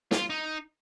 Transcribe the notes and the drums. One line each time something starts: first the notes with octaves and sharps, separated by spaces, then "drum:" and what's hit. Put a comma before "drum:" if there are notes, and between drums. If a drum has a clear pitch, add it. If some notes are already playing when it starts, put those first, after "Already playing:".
F4, drum: snare
D#4